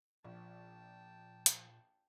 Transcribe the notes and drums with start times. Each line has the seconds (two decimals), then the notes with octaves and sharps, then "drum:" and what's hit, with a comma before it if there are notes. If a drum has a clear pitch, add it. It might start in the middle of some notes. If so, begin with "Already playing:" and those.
0.24 A#1 A#2 F3 G5 A5
1.46 drum: hi-hat